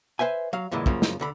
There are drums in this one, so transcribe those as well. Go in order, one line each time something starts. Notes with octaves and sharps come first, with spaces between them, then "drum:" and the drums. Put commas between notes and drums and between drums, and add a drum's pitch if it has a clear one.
B4 C5 E5 G#5
F#3 F5
F#2 A#2 D3 E3 G#3
F#2 C#3 F3 A#3, drum: kick
drum: snare
D2 D3 B5